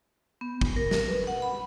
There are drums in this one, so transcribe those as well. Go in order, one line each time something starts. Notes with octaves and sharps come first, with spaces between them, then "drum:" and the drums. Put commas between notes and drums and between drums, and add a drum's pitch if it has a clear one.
B3
drum: kick
A#4
drum: snare
B4
F#5
B5